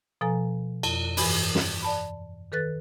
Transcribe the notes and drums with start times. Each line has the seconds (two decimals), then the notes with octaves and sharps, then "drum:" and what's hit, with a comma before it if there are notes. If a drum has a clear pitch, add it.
0.21 B2 F3 A4 G#5 A#5
0.83 F2, drum: cymbal
1.17 G2 E3 G#5 B5, drum: open hi-hat
1.55 drum: snare
1.82 D5 A5 B5
2.52 D#3 A4 B4 F#6 A6